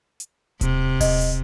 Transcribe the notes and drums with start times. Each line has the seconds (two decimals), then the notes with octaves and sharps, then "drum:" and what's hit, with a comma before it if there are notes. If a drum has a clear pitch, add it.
0.20 drum: hi-hat
0.61 C3, drum: kick D#1, hi-hat
1.01 D#5, drum: kick D#1, open hi-hat
1.21 drum: hi-hat